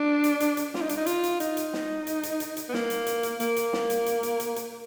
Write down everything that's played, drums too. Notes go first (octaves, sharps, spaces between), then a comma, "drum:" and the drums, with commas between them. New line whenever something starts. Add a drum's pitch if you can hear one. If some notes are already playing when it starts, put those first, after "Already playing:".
Already playing: D4
drum: hi-hat
drum: hi-hat
drum: hi-hat
F4, drum: snare
D#4
D4, drum: hi-hat
D#4
F4, drum: hi-hat
drum: hi-hat
D#4, drum: hi-hat
drum: hi-hat
drum: snare
drum: hi-hat
drum: hi-hat
drum: hi-hat
drum: hi-hat
B3
A#3, drum: snare
drum: hi-hat
drum: hi-hat
drum: hi-hat
A#3, drum: hi-hat
drum: hi-hat
drum: snare
drum: hi-hat
drum: hi-hat
drum: hi-hat
drum: hi-hat
drum: hi-hat